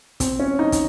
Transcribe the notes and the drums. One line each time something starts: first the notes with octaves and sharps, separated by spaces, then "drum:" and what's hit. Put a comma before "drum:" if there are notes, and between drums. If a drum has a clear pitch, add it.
C4, drum: kick, hi-hat
C#4
D#4
drum: kick, hi-hat